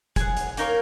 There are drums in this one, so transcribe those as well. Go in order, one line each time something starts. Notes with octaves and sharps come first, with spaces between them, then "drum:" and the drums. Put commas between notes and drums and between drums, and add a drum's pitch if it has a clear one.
G#4 F#5, drum: kick, hi-hat
drum: hi-hat
A#3 D#4 A#4 C#5, drum: hi-hat